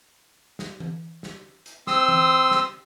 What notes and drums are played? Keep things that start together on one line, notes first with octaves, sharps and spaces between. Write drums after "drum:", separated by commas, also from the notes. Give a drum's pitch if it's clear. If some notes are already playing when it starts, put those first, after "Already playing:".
drum: snare
drum: tom E3
drum: snare
drum: hi-hat
C4 C6 D#6 E6, drum: snare
drum: tom E3
drum: snare